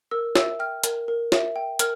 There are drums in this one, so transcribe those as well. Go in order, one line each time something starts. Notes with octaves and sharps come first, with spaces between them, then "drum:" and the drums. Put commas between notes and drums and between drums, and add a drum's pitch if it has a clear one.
A#4 E6
E5 E6, drum: snare
G5 F6
A#4, drum: hi-hat
A#4
E5, drum: snare
G5
A#4 F6, drum: hi-hat